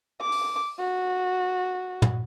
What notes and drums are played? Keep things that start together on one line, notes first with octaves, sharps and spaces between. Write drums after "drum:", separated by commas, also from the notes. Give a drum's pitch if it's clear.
D6
drum: open hi-hat
F#4
drum: tom